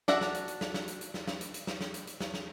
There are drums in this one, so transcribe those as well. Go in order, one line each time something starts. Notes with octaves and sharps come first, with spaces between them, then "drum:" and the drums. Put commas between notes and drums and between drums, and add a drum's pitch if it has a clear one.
D4 F#4 D5 E5 F#5, drum: snare
drum: snare
drum: hi-hat
drum: hi-hat
drum: snare
drum: snare
drum: hi-hat
drum: hi-hat
drum: snare
drum: snare
drum: hi-hat
drum: hi-hat
drum: snare
drum: snare
drum: hi-hat
drum: hi-hat
drum: snare
drum: snare